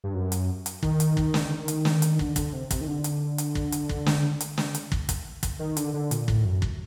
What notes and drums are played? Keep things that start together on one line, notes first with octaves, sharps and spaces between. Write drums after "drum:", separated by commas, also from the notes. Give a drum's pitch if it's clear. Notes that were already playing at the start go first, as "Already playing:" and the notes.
G2
F#2
drum: hi-hat
drum: hi-hat
D#3, drum: kick
drum: hi-hat
drum: kick
drum: snare
drum: hi-hat
drum: snare
drum: hi-hat
D3, drum: kick
D3, drum: kick, hi-hat
C3
C3, drum: kick, hi-hat
D#3
D3
drum: hi-hat
drum: hi-hat
drum: kick
drum: hi-hat
drum: kick
drum: snare
drum: hi-hat
drum: snare
drum: hi-hat
drum: kick
drum: kick, hi-hat
drum: kick, hi-hat
D#3
D3, drum: hi-hat
D3
A#2, drum: hi-hat
A2, drum: kick
F#2
drum: kick